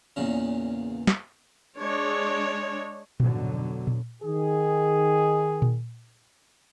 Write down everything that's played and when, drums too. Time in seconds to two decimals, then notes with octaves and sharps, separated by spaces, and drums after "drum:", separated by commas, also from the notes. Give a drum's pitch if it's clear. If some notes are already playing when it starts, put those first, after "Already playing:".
0.16 E2 A#2 C#3
1.07 drum: snare
1.78 G#3 D4 C#5
3.20 F2 G#2 B2 D3 F#3, drum: tom A#2
3.87 drum: tom A#2
4.23 D#3 G#4
5.62 drum: tom A#2